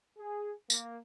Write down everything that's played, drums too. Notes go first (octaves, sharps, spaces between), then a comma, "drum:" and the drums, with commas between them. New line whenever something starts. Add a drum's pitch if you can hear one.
G#4
A#3, drum: tambourine